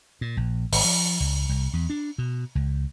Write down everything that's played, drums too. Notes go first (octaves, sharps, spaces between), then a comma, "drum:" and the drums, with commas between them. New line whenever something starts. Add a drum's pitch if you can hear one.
A#2
A#1
G#1, drum: open hi-hat
F3
C#2
C2
E2
D4
B2
C#2